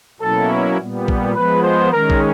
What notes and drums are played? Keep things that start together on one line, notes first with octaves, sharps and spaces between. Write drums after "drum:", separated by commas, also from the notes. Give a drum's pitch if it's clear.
B2 F#3 A#3 C#4 E4 A4
A#2 G3 B3
drum: kick
F3 G#3 B3 B4
C5
D#3 G#3 C#4 A#4
drum: kick